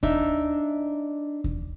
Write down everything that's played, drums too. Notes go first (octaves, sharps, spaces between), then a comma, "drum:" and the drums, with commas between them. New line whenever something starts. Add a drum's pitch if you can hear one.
D4 D#4 E5, drum: kick D#2
drum: kick D#2